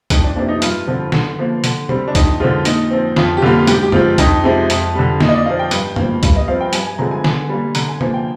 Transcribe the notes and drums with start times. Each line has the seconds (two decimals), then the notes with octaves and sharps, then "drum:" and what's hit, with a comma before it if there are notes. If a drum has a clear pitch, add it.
0.10 F2 D#4, drum: kick, hi-hat
0.24 D4
0.36 C3 F3 A#3 D4
0.48 D#4
0.62 G2 F4, drum: hi-hat
0.87 D3 F3 C4
1.12 D3, drum: snare
1.39 F3 A#3
1.64 D3, drum: hi-hat
1.89 G3 C4, drum: tom C3
2.08 D4
2.15 F2 D#4, drum: kick, hi-hat
2.40 D3 F3 G#3 F4
2.65 A#2 D#4, drum: hi-hat
2.90 F3 C4
3.16 F2 F4, drum: snare
3.37 G4
3.42 D3 G3 A#3 F4
3.67 G#2 G4, drum: hi-hat
3.82 G4
3.92 F3 G#3 C4 F4, drum: tom
4.18 F2 D#4, drum: kick, hi-hat
4.43 C3 F3 G#3
4.70 F2, drum: hi-hat
4.95 D3 G3
5.21 A#2 D#4, drum: snare
5.29 D#5
5.34 D5
5.46 F3 A#3 F5
5.59 G5
5.71 G2, drum: hi-hat
5.96 F3 A#3, drum: tom
6.23 G2, drum: kick, hi-hat
6.36 D#5
6.48 F3 C4 F5
6.61 G5
6.73 G2 G#5, drum: hi-hat
6.86 G#5
6.98 D3 F3 G#3 C4 A#5
7.11 G#5
7.24 D3 G#5, drum: snare
7.49 G3 A#3
7.75 D3 A#5, drum: hi-hat
7.88 G#5
8.01 F3 A#3, drum: tom C3
8.14 G5